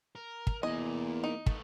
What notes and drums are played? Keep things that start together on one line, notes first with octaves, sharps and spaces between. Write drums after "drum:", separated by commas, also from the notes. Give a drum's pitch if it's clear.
A#4
drum: kick
E2 A#3 D#5 G#5
D#4
A3 B3, drum: kick